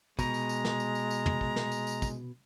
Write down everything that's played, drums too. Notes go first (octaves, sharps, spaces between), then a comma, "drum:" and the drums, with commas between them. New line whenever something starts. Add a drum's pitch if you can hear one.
B2 G#3 A#5, drum: kick, tambourine
drum: tambourine
drum: tambourine
drum: snare
drum: tambourine
drum: tambourine
drum: tambourine
drum: tom
drum: kick
drum: snare
drum: tambourine
drum: tambourine
drum: kick, tambourine